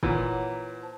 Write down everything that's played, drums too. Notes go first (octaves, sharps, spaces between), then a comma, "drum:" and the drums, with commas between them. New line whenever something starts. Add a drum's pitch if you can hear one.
A#2 E3 C#5 F#5 A#5, drum: kick
C5 A5